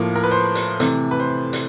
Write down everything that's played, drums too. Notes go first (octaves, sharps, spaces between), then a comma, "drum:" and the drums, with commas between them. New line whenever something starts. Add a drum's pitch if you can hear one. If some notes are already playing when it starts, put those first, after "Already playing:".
Already playing: A2 F3 A#3
A#4
B4
C5
drum: hi-hat
C3 E3 A3, drum: hi-hat
B4
C5
drum: hi-hat